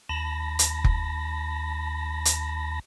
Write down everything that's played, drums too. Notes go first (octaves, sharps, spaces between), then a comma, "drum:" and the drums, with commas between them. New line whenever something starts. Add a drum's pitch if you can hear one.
D#2 A5 B5 A#6
drum: hi-hat
drum: kick F1
drum: hi-hat